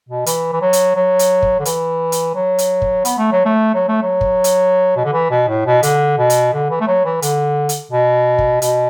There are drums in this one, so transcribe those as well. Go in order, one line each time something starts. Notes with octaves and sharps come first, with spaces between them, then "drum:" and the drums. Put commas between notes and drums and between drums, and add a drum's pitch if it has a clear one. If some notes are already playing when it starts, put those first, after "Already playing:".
B2
E3, drum: hi-hat
E3
F#3
drum: hi-hat
F#3
drum: hi-hat
drum: kick
D3
E3, drum: hi-hat
drum: hi-hat
F#3
drum: hi-hat
drum: kick
B3, drum: hi-hat
A3
F#3
A3
F#3
A3
F#3
drum: kick
drum: hi-hat
B2
D3
E3
B2
A2
B2
D3, drum: hi-hat
B2
drum: hi-hat
D3
E3
A3
F#3
E3
D3, drum: hi-hat
drum: hi-hat
B2
drum: kick
B2, drum: hi-hat